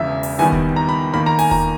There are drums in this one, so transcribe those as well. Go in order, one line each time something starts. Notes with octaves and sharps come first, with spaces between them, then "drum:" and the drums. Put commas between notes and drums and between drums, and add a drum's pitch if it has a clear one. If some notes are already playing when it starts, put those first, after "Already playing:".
Already playing: E1 E2 C#3 E5
drum: open hi-hat
D#2 D#3 G3 B3 E4 G#5
drum: kick E1
A#5
B5
D#2 D#3 A#3 B5
A#5
G#5, drum: open hi-hat
A#5, drum: kick E1